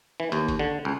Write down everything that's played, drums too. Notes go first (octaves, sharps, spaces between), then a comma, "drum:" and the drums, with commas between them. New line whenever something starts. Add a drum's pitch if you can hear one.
E3
D#2, drum: hi-hat
drum: kick G1, hi-hat
D3
C#2